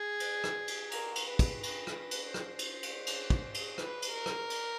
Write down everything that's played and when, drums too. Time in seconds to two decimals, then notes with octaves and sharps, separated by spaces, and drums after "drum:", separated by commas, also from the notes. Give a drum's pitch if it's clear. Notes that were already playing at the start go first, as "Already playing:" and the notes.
Already playing: G#4
0.20 drum: cymbal
0.44 drum: rim click
0.68 drum: cymbal
0.91 A#4, drum: cymbal
1.15 drum: cymbal
1.28 B4
1.39 drum: kick, cymbal
1.63 B4, drum: cymbal
1.87 drum: rim click
2.11 drum: cymbal
2.34 C5, drum: rim click
2.59 drum: cymbal
2.83 drum: cymbal
3.07 drum: cymbal
3.30 drum: kick
3.54 drum: cymbal
3.78 B4, drum: rim click
4.02 drum: cymbal
4.13 A#4
4.26 drum: rim click
4.50 drum: cymbal